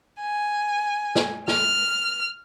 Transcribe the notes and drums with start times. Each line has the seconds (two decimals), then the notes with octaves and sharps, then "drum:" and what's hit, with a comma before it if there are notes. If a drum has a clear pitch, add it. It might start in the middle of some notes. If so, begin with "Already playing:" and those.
0.20 G#5
1.15 drum: snare
1.48 F6, drum: snare